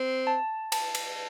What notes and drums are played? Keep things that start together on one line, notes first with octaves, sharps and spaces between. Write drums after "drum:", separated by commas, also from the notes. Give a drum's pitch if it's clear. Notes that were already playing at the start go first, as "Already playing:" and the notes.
Already playing: C4
A5
A5, drum: cymbal
drum: cymbal